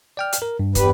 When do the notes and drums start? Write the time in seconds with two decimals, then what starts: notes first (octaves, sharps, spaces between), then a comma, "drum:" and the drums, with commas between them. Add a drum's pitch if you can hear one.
0.17 D5 G5 F6
0.33 drum: hi-hat
0.42 A#4
0.59 G2
0.75 E2 G3 B4, drum: kick, hi-hat